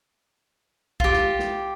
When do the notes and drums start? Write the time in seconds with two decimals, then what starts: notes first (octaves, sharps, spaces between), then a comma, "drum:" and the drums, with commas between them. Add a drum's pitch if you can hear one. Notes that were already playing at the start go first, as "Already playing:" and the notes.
1.00 F4 G4, drum: kick
1.13 drum: snare
1.39 drum: snare